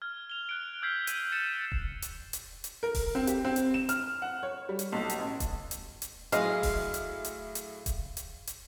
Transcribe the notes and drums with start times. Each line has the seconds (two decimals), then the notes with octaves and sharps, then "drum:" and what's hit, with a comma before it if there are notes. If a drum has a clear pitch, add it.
0.02 F6 G#6
0.30 F7 G7
0.49 F#6 D7
0.82 E6 F6 G6 G#6 B6 C7
1.07 D#7, drum: hi-hat
1.32 A6 C#7 E7
1.72 drum: kick D#1
2.02 drum: hi-hat
2.33 drum: hi-hat
2.64 drum: hi-hat
2.83 A#4
2.95 drum: kick D#1, open hi-hat
3.15 C4
3.27 G4, drum: hi-hat
3.45 C4
3.56 drum: hi-hat
3.74 E7
3.89 F6, drum: hi-hat
4.22 F#5
4.43 C#5
4.69 G3
4.79 drum: hi-hat
4.92 B1
5.10 drum: hi-hat
5.19 A1
5.40 drum: kick D#1, hi-hat
5.71 drum: hi-hat
6.02 drum: hi-hat
6.32 A2 F#3 G#3 E4 G#4 D#5 F5, drum: hi-hat
6.63 drum: kick D#1, open hi-hat
6.94 drum: hi-hat
7.25 drum: hi-hat
7.55 drum: hi-hat
7.86 drum: kick D#1, hi-hat
8.17 drum: hi-hat
8.47 drum: hi-hat